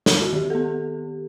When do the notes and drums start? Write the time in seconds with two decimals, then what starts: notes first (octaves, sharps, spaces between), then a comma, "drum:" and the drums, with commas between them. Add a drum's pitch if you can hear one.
0.06 drum: snare
0.20 F#4
0.33 D#3 G4
0.50 B3 A4